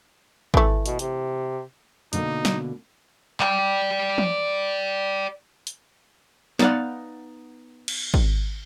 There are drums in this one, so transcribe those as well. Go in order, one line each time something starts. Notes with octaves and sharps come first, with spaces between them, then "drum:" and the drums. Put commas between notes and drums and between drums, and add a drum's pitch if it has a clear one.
E3 A3, drum: kick
B2, drum: hi-hat
C3, drum: hi-hat
B2 D3 A#3 D#4, drum: hi-hat
drum: snare
D5 G5, drum: clap
drum: tom
drum: hi-hat
B3 D#4 D5 F5 F#5, drum: snare
drum: cymbal
drum: kick